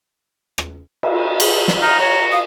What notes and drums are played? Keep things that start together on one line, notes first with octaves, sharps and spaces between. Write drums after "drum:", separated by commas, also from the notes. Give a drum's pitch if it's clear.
drum: rim click
drum: cymbal
G#4, drum: cymbal
drum: snare
D#4 A#5 F6
F#4 C#5
F5 D#6